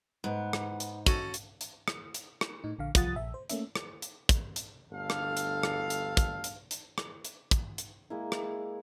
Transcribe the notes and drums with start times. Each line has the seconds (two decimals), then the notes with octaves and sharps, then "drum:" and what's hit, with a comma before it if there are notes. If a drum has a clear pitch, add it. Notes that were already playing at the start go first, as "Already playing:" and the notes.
0.24 G#2 B3
0.53 drum: rim click
0.80 drum: hi-hat
1.06 C#4 F#4 A4, drum: kick, hi-hat
1.34 drum: hi-hat
1.61 drum: hi-hat
1.88 drum: rim click
2.14 drum: hi-hat
2.41 drum: rim click
2.64 A2 D#4
2.79 A#1 D3 F5
2.95 C2 F3 F4 F#5 D#6 A6, drum: kick, hi-hat
3.15 A#1 E5
3.34 C5
3.50 A3 A#3 C#4 E5, drum: hi-hat
3.76 drum: rim click
4.02 drum: hi-hat
4.29 drum: kick, hi-hat
4.56 drum: hi-hat
4.92 G1 D2 A4 F5
5.10 drum: rim click
5.37 drum: hi-hat
5.63 drum: rim click
5.90 drum: hi-hat
6.17 drum: kick, hi-hat
6.44 drum: hi-hat
6.71 drum: hi-hat
6.98 drum: rim click
7.25 drum: hi-hat
7.51 drum: kick, hi-hat
7.78 drum: hi-hat
8.10 G#3 A#3 E4
8.32 drum: rim click